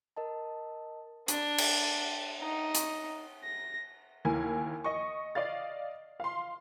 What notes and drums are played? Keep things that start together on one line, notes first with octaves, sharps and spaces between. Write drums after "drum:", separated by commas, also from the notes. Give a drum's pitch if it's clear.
A#4 D#5 A5
D4, drum: hi-hat
drum: cymbal
D#4
drum: hi-hat
A#6
D#2 E4 A#4 G#5
D#5 C#6
D5 D#5 F5 A6
F5 C6